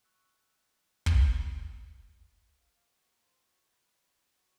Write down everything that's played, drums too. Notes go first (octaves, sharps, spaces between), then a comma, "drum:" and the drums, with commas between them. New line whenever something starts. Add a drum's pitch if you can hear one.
C#6 E6 F#6
drum: kick
F5
D6
F#4
A#3
C5
F#4
B5
C#5
F#5
A#5
F#4